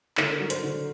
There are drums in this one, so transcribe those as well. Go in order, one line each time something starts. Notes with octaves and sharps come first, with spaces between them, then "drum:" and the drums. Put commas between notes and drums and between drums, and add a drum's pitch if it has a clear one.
D3 A#4, drum: clap
F#3
C5, drum: hi-hat
D3